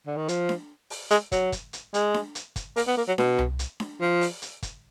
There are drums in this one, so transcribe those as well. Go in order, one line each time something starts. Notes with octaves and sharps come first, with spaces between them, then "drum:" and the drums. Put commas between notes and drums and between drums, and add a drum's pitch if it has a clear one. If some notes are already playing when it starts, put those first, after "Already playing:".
D3
D#3
F3, drum: hi-hat
drum: snare D4
drum: open hi-hat
G#3, drum: hi-hat
F#3, drum: kick, hi-hat
drum: kick, hi-hat
drum: hi-hat
G#3, drum: hi-hat
drum: snare D4
drum: hi-hat
drum: kick, hi-hat
A#3, drum: open hi-hat
B3
A#3
F#3
B2, drum: snare D4
drum: tom C2
drum: hi-hat
drum: snare D4
F3
drum: open hi-hat
drum: hi-hat
drum: kick, hi-hat